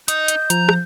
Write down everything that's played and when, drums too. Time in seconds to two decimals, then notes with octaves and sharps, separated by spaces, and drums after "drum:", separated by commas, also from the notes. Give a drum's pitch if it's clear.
0.08 D#4 D#5 G6, drum: hi-hat
0.28 drum: hi-hat
0.50 F3 A#5, drum: hi-hat
0.69 drum: rim click